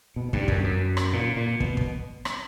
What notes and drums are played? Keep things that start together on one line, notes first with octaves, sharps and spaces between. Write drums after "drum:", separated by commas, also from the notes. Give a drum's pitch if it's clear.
B2
G2, drum: kick
F#2, drum: kick
F#2
drum: rim click
A#2
A#2
B2, drum: kick
drum: kick
drum: rim click